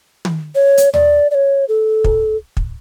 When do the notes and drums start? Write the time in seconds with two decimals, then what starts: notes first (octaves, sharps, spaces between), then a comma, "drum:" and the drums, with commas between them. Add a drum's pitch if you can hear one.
0.25 drum: tom
0.55 C#5
0.78 drum: hi-hat
0.94 D5, drum: tom D#2
1.31 D5
1.35 C#5
1.69 A4
2.04 drum: kick
2.57 drum: kick